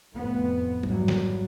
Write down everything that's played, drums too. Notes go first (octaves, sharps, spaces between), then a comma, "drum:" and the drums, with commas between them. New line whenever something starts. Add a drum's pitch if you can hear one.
F1 F2 A2 B3
G#1 G#2 F#3 G3, drum: tom F#3
drum: snare